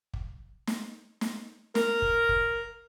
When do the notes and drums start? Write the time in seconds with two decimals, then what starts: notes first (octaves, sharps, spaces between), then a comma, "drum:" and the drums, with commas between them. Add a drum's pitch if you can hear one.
0.13 drum: kick
0.67 drum: snare
1.21 drum: snare
1.75 A#4, drum: snare
2.02 drum: kick
2.29 drum: kick